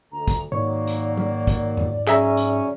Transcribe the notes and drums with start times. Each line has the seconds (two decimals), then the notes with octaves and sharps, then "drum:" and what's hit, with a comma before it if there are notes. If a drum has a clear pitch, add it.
0.12 D2 A#5
0.28 drum: kick, hi-hat
0.52 G#2 D#3 F#3 A#3 C#5 D5
0.87 drum: hi-hat
1.17 drum: tom F#3
1.47 drum: kick, hi-hat
1.77 drum: tom F2
2.07 F#3 C#4 G#4 E5 A#5, drum: clap
2.37 drum: hi-hat